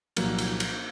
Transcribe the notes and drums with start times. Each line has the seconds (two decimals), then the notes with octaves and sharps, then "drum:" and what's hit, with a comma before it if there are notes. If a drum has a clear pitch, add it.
0.17 C2 A#2 F3 F#3 A#3, drum: cymbal
0.38 drum: cymbal
0.60 drum: cymbal